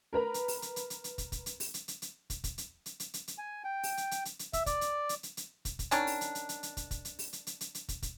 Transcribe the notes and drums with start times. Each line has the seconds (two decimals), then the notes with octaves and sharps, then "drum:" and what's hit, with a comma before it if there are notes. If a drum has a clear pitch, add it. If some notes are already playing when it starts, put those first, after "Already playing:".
0.13 A#4 B4 A#5 B5
0.34 drum: hi-hat
0.48 drum: open hi-hat
0.62 drum: hi-hat
0.76 drum: hi-hat
0.90 drum: hi-hat
1.04 drum: hi-hat
1.18 drum: kick, hi-hat
1.32 drum: kick, hi-hat
1.46 drum: hi-hat
1.60 drum: open hi-hat
1.74 drum: hi-hat
1.88 drum: hi-hat
2.02 drum: hi-hat
2.30 drum: kick, hi-hat
2.44 drum: kick, hi-hat
2.58 drum: hi-hat
2.86 drum: hi-hat
3.00 drum: hi-hat
3.14 drum: hi-hat
3.28 drum: hi-hat
3.38 G#5
3.64 G5
3.83 drum: open hi-hat
3.97 drum: hi-hat
4.11 drum: hi-hat
4.25 drum: hi-hat
4.39 drum: hi-hat
4.53 E5, drum: kick, hi-hat
4.66 D5, drum: kick, hi-hat
4.81 drum: hi-hat
5.09 drum: hi-hat
5.23 drum: hi-hat
5.37 drum: hi-hat
5.65 drum: kick, hi-hat
5.79 drum: kick, hi-hat
5.91 D#3 C#4 D4, drum: hi-hat
6.07 drum: open hi-hat
6.21 drum: hi-hat
6.35 drum: hi-hat
6.49 drum: hi-hat
6.63 drum: hi-hat
6.77 drum: kick, hi-hat
6.91 drum: kick, hi-hat
7.05 drum: hi-hat
7.19 drum: open hi-hat
7.33 drum: hi-hat
7.47 drum: hi-hat
7.61 drum: hi-hat
7.75 drum: hi-hat
7.89 drum: kick, hi-hat
8.02 drum: kick, hi-hat